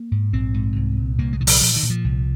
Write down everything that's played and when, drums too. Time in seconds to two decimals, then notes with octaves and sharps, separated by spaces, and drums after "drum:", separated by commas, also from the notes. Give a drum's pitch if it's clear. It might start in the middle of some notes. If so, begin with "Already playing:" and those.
Already playing: A#3
0.11 G#2
0.33 A#1 C4
0.54 G#2
0.76 C2
0.98 A#2
1.18 C2 A#3
1.33 G#3
1.40 A#2 D#3
1.47 F3, drum: open hi-hat
1.61 A#2 F3
1.76 D#3
1.83 A#2
1.90 F3
2.04 C2